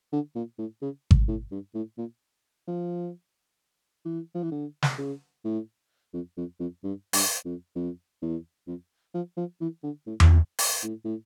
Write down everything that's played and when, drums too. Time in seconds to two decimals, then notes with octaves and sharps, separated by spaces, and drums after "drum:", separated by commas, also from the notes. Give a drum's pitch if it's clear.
0.12 D3
0.35 A#2
0.58 A2
0.82 C#3
1.11 drum: kick G#1
1.28 A2
1.51 G2
1.74 A2
1.97 A#2
2.68 F3
4.05 E3
4.35 F3
4.43 E3
4.51 D3
4.83 drum: snare
4.98 C#3
5.45 A2
6.13 F2
6.37 F2
6.60 F2
6.83 G2
7.13 G2, drum: open hi-hat
7.45 F2
7.75 F2
8.22 E2
8.67 F2
9.14 F3
9.37 F3
9.61 E3
9.83 D3
10.07 A2
10.20 E2, drum: tom E2
10.30 F2
10.59 drum: open hi-hat
10.83 A2
11.05 A2